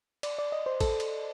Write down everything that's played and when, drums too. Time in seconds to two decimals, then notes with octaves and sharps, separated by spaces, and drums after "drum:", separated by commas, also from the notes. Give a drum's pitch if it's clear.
0.23 D5, drum: cymbal
0.39 D5
0.52 D#5
0.66 C5
0.80 A4, drum: kick, cymbal
1.00 drum: cymbal